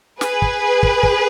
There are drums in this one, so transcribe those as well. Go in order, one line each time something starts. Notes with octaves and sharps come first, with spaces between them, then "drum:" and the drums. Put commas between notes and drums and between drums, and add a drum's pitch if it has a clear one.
G#4 B4, drum: snare
drum: kick
drum: kick
drum: kick